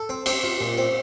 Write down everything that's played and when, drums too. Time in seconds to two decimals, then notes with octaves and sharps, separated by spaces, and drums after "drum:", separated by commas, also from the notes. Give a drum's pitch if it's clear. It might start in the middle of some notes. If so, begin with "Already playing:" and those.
Already playing: A4
0.09 C4
0.26 C4 G4, drum: cymbal
0.43 F4
0.61 A#2
0.78 C4